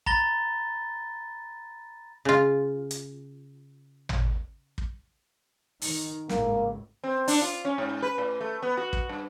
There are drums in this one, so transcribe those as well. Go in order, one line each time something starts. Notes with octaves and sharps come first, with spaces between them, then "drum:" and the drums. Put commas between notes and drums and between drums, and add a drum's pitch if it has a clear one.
A#5 B5 A6 A#6 G7, drum: kick
C#3 F4
drum: hi-hat
drum: tom
drum: kick
D#3, drum: open hi-hat
G#1 C#2 A2 A#3, drum: snare
C4
D4, drum: open hi-hat
F4
C#4
G#2
B4
A2
A3
B3
F#4
drum: kick
G2